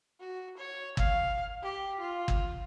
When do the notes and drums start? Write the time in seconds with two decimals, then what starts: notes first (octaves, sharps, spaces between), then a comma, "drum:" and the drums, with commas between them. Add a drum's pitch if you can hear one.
0.20 F#4
0.57 C#5
0.97 F5, drum: kick
1.63 G4
2.00 F4
2.28 drum: kick